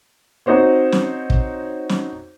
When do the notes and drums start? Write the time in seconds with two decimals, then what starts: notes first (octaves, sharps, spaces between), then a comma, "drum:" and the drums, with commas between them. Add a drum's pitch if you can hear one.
0.46 C4 D#4 F#4 C5 C#5
0.92 drum: snare
1.30 drum: kick
1.89 drum: snare